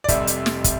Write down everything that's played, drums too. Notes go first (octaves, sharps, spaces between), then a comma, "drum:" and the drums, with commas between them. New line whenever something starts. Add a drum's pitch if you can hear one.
D5
F1 F2 C3 G3 E5, drum: kick, hi-hat
drum: hi-hat
drum: snare
drum: kick, hi-hat